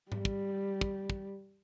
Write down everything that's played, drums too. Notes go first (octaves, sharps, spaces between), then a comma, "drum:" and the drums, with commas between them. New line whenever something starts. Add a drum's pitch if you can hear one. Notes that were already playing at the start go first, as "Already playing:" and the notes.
G3, drum: tom G#2
drum: kick
drum: kick
drum: kick